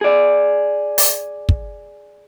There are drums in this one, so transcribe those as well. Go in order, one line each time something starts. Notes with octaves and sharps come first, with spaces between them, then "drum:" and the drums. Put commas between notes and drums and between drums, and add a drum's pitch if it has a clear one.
G#4 D5
drum: open hi-hat
drum: kick